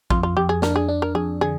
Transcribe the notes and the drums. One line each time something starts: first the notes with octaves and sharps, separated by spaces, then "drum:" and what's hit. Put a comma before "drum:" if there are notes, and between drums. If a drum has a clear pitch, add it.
F2 F4, drum: kick
F4
F2 G4
G#4
D4 A#4, drum: snare
G#4
D4
A#4
F2 G#4
D3 G#4